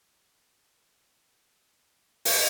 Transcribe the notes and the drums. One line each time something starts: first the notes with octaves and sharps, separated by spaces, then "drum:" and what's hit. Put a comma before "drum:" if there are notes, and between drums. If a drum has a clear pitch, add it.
B3 A#4
drum: open hi-hat